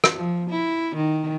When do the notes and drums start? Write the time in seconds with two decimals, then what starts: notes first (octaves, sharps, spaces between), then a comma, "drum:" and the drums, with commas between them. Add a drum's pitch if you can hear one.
0.04 drum: rim click
0.16 F3
0.50 E4
0.96 D#3